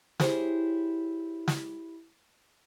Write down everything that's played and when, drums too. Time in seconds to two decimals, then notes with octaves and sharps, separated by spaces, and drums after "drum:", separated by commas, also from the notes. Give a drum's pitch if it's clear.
0.20 E4 G4 G#4 C5 C#5, drum: snare
1.48 drum: snare